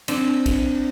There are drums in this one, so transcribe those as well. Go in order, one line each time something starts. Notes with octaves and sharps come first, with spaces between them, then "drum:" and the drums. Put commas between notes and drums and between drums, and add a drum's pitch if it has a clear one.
C4 D4, drum: cymbal
drum: kick B1, cymbal